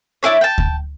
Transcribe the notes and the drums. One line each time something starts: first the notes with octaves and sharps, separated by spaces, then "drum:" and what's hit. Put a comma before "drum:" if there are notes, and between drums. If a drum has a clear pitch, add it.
D4 E4 G#4 C#5
G5 A5
drum: kick D2